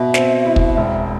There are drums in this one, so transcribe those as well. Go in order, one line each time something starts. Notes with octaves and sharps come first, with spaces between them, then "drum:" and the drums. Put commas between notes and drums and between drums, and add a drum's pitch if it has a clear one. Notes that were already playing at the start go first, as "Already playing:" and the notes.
Already playing: B2 E5
C4, drum: snare
E4
drum: kick
E1